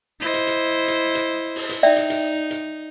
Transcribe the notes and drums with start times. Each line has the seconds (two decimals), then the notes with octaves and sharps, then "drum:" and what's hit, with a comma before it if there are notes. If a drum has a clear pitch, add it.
0.20 E4 C5 D#5
0.34 drum: hi-hat
0.47 drum: hi-hat
0.88 drum: hi-hat
1.15 drum: hi-hat
1.56 drum: open hi-hat
1.69 drum: hi-hat
1.83 D#4 D5 E5 G5
1.96 drum: hi-hat
2.10 drum: hi-hat
2.51 drum: hi-hat